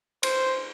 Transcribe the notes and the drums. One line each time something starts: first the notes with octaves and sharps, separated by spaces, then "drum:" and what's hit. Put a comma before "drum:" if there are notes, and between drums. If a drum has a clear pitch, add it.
C5, drum: cymbal